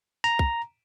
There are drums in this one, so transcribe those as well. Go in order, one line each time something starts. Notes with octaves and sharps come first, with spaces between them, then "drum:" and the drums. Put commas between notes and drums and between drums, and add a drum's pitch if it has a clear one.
A#5
drum: kick